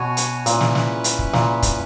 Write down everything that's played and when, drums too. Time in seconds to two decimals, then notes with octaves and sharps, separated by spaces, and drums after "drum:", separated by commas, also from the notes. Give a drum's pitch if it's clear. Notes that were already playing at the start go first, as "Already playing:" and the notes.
Already playing: B2 F#4 C#5 G#5
0.17 drum: hi-hat
0.46 A#2 C#4 E4 B4, drum: hi-hat
0.61 drum: snare
0.75 drum: snare
1.04 drum: hi-hat
1.19 drum: kick
1.33 A#2, drum: snare
1.62 drum: kick, hi-hat